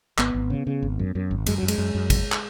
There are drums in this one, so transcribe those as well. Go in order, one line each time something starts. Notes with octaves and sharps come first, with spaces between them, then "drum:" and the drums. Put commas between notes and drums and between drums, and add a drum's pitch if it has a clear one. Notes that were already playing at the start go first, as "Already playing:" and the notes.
G#1 B3, drum: clap
G#1
C#3
C#3
G#1
F#2
F#2
G#1
F#2 G#3, drum: cymbal
F#2 F#3
G#3, drum: cymbal
F#2
F#2
F#1, drum: kick, cymbal
drum: clap